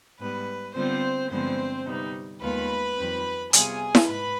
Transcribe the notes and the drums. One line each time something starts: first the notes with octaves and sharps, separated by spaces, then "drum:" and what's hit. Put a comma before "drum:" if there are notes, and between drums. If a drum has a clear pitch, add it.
G#2 G3 B3 B4
D3 G3 B3 C4 F4 C5
G2 D3 F3 G#3 B3 C4 C5
C3 G3 B3 D#4
D#2 D#3 G#3 B3 F4 B4 B5
F2 D#3 G3 C4
C3 G3 B3 F4 G#4 G#5, drum: hi-hat
drum: snare E4
G#2 B4 B5